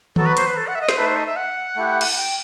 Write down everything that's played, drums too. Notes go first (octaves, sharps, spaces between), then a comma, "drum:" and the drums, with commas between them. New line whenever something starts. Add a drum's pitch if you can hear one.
F#3 B3 F#4 A4, drum: tom D#3
B4
C5, drum: hi-hat
B4
A4
F#5
E5
D#5
C5, drum: snare
A3 D#4 A4 B4 E5
C5
D#5
E5
F#5
A3 E4 G4
drum: cymbal
G5